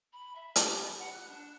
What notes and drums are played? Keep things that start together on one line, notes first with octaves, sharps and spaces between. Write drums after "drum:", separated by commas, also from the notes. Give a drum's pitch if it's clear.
B5
E5
G4, drum: hi-hat
B5
F#5
F#6
D4